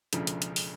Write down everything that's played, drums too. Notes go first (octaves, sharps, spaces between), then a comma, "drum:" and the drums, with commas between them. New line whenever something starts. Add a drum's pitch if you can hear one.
E1 D2 C#3 F3, drum: hi-hat
drum: hi-hat
drum: hi-hat
drum: open hi-hat